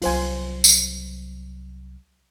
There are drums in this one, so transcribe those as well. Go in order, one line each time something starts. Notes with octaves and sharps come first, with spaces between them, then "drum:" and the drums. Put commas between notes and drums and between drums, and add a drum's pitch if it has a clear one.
C2 F#3 F4 C5 G#5, drum: open hi-hat
drum: tambourine